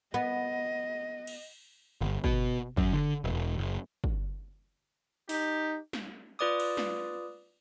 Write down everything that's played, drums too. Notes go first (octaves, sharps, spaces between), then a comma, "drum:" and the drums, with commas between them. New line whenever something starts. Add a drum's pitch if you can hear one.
B3 D#5
drum: cymbal
G1
B2, drum: kick
F#2, drum: kick
D3
E1
F#1
drum: kick
D#4 G4, drum: open hi-hat
drum: snare
F4 B4 D5 D6 D#6
drum: cymbal
drum: snare